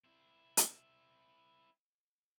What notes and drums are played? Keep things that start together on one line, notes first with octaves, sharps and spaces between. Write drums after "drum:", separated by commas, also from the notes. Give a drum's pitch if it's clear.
C4 E4
drum: hi-hat